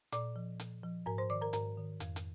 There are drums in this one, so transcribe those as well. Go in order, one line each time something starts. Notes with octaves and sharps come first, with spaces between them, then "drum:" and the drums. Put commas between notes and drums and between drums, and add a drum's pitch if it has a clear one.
A#2 D5 D6, drum: hi-hat
F3
A#2, drum: hi-hat
F3
G#2 A#4 A#5
C5 C6
D#3 D5 D6
A#4 A#5
G#2 A#4 A#5, drum: hi-hat
D#3
F2, drum: hi-hat
drum: hi-hat